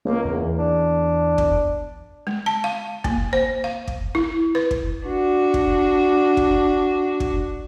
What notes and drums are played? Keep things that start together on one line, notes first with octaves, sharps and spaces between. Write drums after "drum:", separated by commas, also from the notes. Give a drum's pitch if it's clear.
C#2 A#3
E2
D4
drum: kick
G#3
A5
F5
A#3, drum: kick
C5
F5
drum: kick
E4
B4
drum: kick
D4 F#4
drum: kick
drum: kick
drum: kick